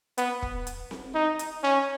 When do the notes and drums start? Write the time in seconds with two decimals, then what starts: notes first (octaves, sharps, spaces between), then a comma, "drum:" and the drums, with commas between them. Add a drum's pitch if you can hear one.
0.18 B3, drum: hi-hat
0.42 drum: kick
0.67 drum: hi-hat
0.91 drum: snare C4
1.14 D#4
1.39 drum: hi-hat
1.63 C#4